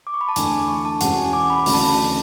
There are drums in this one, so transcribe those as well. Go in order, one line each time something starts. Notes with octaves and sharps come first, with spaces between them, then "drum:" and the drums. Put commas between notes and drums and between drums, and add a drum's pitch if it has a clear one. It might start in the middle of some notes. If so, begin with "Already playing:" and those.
D6
C#6
B5
A5
E2 D3 A3 G#5, drum: hi-hat
D6
C#6
A5
E2 B2 G#3 C#4 F#4 F#5, drum: hi-hat
G#5
D6
B5
D2 C#3 E3 A3 C#4 B5, drum: open hi-hat
A5
B5